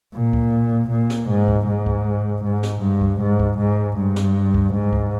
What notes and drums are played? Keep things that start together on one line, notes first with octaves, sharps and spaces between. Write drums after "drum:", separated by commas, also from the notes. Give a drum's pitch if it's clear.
A#2
drum: kick C#2
A#2
drum: snare
G#2
drum: kick C#2
G#2
drum: kick C#2
G#2
drum: snare
G2
drum: kick C#2
G#2
drum: kick C#2
G#2
G2
drum: snare
drum: kick C#2
G#2
drum: kick C#2